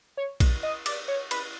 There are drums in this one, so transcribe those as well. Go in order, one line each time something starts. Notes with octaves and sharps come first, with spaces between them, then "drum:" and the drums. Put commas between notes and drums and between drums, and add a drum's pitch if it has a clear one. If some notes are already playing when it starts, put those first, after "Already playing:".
C#5
drum: kick A#1, cymbal
D#5
D5, drum: cymbal
C#5
B4, drum: cymbal